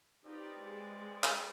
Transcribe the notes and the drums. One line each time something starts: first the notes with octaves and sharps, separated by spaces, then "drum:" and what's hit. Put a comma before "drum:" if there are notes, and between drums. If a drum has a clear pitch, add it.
C4 D#4 F4 G4 B4 D5
G#3
drum: clap